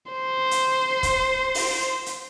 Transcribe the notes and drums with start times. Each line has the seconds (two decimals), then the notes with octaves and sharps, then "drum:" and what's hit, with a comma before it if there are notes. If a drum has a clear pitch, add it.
0.12 C5
0.51 drum: hi-hat
1.03 drum: kick C#1, hi-hat
1.55 drum: open hi-hat
2.06 drum: hi-hat